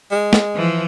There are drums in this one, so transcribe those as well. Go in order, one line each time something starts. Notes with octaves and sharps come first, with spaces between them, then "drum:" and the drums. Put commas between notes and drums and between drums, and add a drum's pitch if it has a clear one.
G#3
drum: snare
E3 F3